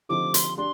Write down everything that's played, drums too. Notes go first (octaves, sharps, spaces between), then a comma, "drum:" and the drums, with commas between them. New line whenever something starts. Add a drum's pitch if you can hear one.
D3 F3 C4 D#4 G4 D6
C6, drum: hi-hat
D4 G4 C6